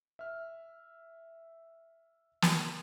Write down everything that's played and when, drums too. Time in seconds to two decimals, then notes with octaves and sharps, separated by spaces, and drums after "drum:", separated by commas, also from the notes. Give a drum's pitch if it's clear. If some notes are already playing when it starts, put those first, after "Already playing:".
0.19 E5 F6
2.42 drum: snare